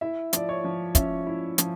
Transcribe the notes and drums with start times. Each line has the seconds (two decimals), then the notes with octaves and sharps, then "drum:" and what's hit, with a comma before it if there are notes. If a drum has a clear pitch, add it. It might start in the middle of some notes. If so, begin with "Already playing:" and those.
0.01 E4 E5
0.33 F3 D5, drum: hi-hat
0.49 C#5
0.64 F3
0.95 C#4 E5, drum: kick, hi-hat
1.27 E4
1.58 F3, drum: hi-hat